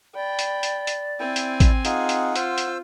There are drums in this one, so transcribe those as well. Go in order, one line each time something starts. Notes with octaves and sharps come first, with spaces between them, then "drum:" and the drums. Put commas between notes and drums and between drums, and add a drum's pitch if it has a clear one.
D5 G5 B5
drum: hi-hat
drum: hi-hat
drum: hi-hat
C4 E4 G5 G#5
drum: hi-hat
drum: kick A1, hi-hat
D#4 F4 G#4 F#5, drum: hi-hat
drum: hi-hat
F4 C5 E6, drum: hi-hat
drum: hi-hat